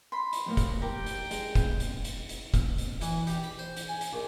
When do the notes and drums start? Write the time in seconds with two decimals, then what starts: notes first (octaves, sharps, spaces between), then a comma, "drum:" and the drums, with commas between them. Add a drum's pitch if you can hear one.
0.12 B5 C6
0.33 drum: hi-hat
0.46 F2 A2 A#3
0.57 drum: kick, hi-hat
0.82 G4 A#4 G5
1.06 drum: hi-hat
1.31 G#3, drum: hi-hat
1.55 drum: kick, hi-hat
1.80 drum: hi-hat
2.05 drum: hi-hat
2.29 drum: hi-hat
2.54 drum: kick, hi-hat
2.78 drum: hi-hat
3.01 E3, drum: hi-hat
3.27 G4, drum: hi-hat
3.43 B5
3.59 C5
3.76 drum: hi-hat
3.88 G#5
4.01 drum: hi-hat
4.13 A#1